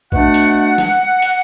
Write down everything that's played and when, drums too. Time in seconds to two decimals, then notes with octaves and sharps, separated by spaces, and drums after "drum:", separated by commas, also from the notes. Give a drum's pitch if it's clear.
0.12 B2 A3 D4 F#5, drum: kick A1
0.34 drum: hi-hat
0.78 drum: snare G#3
1.22 drum: hi-hat